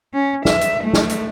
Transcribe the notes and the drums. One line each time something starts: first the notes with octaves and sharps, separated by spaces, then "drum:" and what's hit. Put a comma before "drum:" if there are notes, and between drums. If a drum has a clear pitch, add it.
C#4
E5, drum: snare
drum: hi-hat
A3
drum: snare
drum: hi-hat